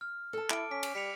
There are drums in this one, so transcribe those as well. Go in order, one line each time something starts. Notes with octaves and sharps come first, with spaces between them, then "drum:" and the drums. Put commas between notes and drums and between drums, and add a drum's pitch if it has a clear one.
F6
A4 A5
E4 D6 D7, drum: clap
C#4 D6 B6
drum: cymbal
G3 B6 C#7 F7